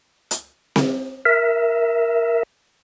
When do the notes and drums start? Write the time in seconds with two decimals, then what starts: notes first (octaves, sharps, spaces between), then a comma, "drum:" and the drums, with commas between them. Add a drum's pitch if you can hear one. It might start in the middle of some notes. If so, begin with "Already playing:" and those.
0.31 drum: hi-hat
0.76 drum: snare C4
1.25 A#4 E5